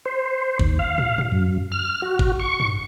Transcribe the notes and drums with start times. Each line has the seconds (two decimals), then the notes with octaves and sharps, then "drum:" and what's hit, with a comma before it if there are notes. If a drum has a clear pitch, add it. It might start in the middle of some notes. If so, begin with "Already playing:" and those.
0.06 C5
0.60 D#2, drum: kick
0.79 F5
0.98 drum: tom
1.18 drum: tom
1.32 F#2
1.72 F6
2.02 F#4
2.19 drum: kick
2.40 C#6
2.60 drum: tom